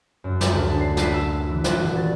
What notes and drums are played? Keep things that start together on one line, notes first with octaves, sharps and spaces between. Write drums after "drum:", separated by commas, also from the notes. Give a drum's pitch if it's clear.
F#2
G#4, drum: snare
D2
A4
C7
B4, drum: snare
E6
E6
E3
F#4, drum: snare
D#1
A6